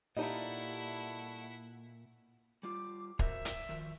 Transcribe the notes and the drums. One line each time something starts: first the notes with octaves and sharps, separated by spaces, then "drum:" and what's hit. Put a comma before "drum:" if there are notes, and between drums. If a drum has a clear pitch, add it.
A#2 G3 A3 A#3 D#4 E4 D#5 F#5
G3 F4 D6
F#4 A#4 C5 E5, drum: kick
drum: hi-hat
D#3 F3 F#4